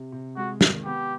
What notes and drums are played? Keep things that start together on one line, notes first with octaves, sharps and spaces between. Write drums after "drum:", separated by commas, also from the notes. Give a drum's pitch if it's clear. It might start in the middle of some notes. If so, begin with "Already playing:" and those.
Already playing: C3
C3
G#3 F#4
D#3, drum: snare
B3 G4